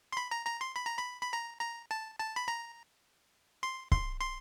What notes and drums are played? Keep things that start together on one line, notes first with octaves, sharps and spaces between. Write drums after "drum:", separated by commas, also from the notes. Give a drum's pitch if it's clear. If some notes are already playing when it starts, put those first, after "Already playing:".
C6
B5
A#5
A#5
C6
B5
A#5
B5
B5
A#5
A#5
A5
A5
B5
A#5
C6
C6, drum: kick C#1
C6